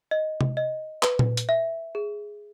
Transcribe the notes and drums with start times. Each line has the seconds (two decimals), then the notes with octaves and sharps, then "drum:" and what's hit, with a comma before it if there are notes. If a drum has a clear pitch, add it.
0.11 D#5
0.41 drum: tom C3
0.57 D#5
1.03 B4, drum: clap
1.19 drum: tom A#2
1.37 drum: hi-hat
1.49 E5
1.95 G#4